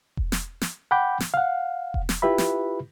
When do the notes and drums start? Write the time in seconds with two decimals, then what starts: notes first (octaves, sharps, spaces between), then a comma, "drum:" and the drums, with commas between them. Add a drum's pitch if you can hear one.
0.17 drum: kick E1
0.32 drum: snare
0.62 drum: snare
0.91 F#5 G5 B5 D6 G6
1.20 drum: snare
1.34 F5 F#5
1.94 drum: kick E1
2.09 drum: snare
2.22 E4 F4 G4 B4 E5 B5
2.38 drum: snare